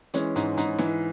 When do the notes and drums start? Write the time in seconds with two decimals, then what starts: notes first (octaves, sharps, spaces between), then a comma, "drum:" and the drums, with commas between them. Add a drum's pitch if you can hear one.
0.14 E3 G#3 C#4, drum: hi-hat
0.36 G#2, drum: hi-hat
0.57 G#2, drum: hi-hat
0.79 E3, drum: snare